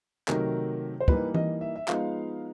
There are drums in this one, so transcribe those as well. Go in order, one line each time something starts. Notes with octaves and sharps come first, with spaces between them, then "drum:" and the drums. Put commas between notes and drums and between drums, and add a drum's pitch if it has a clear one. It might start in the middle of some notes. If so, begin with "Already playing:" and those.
C3 D#3 F#3 A3 A#4, drum: clap
C5
E3 G3 A#3 D#4 B4, drum: kick
D#5, drum: tom E3
E5
E5
F3 G#3 B3 D#4 F5, drum: clap